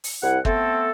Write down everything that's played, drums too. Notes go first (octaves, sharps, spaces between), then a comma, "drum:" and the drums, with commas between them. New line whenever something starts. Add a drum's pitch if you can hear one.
drum: open hi-hat
C2 E4 F#5
A3 B3 C4 A4, drum: kick